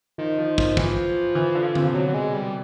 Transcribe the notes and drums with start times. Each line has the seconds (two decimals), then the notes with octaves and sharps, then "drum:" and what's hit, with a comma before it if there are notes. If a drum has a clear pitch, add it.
0.18 D#3 F3
0.38 F3
0.58 F3, drum: kick
0.77 E3 F3, drum: kick
1.35 E3
1.55 D3
1.75 C3, drum: tom D3
1.94 B2 F#3
2.14 G#3
2.34 G3